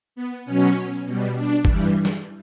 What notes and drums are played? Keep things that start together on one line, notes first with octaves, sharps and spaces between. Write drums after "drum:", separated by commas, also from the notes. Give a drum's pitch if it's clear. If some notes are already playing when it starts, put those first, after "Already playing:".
B3
B2 F#3 C#4
B2 G3
D4
G2 E3 G3, drum: kick
drum: snare